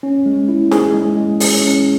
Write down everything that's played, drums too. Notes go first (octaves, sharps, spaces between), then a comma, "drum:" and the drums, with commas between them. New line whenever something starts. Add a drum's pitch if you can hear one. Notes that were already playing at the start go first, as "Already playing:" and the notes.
C#4
G#3
E4
G#4, drum: snare
G#3
G#3
G#4, drum: open hi-hat
C#4